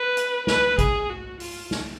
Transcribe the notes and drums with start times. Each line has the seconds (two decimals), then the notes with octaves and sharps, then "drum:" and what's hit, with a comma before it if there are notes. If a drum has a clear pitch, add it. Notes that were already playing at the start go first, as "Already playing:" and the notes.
Already playing: B4
0.17 drum: hi-hat
0.47 B4, drum: snare
0.78 G#4, drum: kick G#1, hi-hat
1.10 F#4
1.40 F4, drum: open hi-hat
1.71 drum: snare